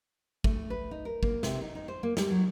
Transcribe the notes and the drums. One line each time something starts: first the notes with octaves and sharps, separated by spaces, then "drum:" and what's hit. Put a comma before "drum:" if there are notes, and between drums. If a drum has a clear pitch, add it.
A3, drum: kick
B4
D#4
A#4
A#3, drum: kick
C3, drum: snare
D#4
D#4
C5
A#3
G3, drum: snare
F#3